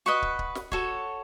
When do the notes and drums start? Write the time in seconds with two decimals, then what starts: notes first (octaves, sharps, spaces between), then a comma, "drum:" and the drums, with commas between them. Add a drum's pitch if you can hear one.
0.06 F#4 B4 D#5 C#6
0.22 drum: kick
0.39 drum: kick
0.55 drum: snare
0.72 F#4 A4 C#5, drum: kick